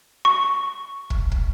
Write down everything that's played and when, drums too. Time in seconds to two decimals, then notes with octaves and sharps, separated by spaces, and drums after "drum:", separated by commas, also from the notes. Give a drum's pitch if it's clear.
0.25 C#6
1.10 drum: kick
1.32 drum: kick